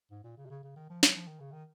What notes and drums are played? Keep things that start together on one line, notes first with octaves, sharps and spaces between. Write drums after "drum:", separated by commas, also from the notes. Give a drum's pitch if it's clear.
G#2
A#2
C#3
C3
C#3
C#3
D#3
F3
F#3, drum: snare
F3
D#3
C#3
D#3